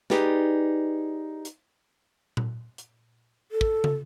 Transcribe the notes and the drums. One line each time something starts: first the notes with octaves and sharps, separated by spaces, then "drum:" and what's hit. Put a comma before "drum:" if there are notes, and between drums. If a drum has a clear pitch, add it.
D#4 G4 G#4 B4 D5, drum: snare
drum: hi-hat
drum: tom A#2
drum: hi-hat
A4
drum: kick
drum: tom